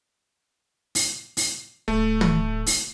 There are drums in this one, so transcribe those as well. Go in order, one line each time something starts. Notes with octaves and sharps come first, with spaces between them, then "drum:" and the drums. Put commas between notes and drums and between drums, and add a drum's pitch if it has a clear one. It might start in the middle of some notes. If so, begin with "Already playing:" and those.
drum: open hi-hat
drum: open hi-hat
D1 A3
drum: tom
drum: open hi-hat